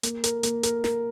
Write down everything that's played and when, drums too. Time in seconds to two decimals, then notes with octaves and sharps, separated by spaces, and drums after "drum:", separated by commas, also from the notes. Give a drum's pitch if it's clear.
0.03 A#3, drum: hi-hat
0.24 A#4, drum: hi-hat
0.43 A#3, drum: hi-hat
0.63 A#4, drum: hi-hat
0.84 A#4, drum: snare